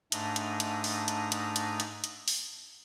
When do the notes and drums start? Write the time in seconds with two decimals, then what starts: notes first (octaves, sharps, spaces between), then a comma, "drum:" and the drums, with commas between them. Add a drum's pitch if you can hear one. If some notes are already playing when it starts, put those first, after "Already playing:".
0.12 G#2 A3 D4 A#5 D#6, drum: hi-hat
0.36 drum: hi-hat
0.60 drum: hi-hat
0.84 drum: open hi-hat
1.08 drum: hi-hat
1.32 drum: hi-hat
1.56 drum: hi-hat
1.80 drum: hi-hat
2.04 drum: hi-hat
2.28 drum: open hi-hat